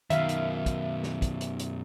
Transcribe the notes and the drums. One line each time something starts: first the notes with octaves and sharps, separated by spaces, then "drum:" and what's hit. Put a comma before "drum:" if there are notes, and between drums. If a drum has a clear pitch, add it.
F#2 B2 D#3 E5 F5, drum: hi-hat
drum: hi-hat
drum: kick, hi-hat
drum: snare
drum: kick, hi-hat
drum: hi-hat
drum: hi-hat